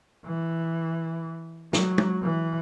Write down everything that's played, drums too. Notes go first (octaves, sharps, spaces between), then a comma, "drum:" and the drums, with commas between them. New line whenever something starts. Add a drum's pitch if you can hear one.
E3
F#3, drum: snare
drum: tom
E3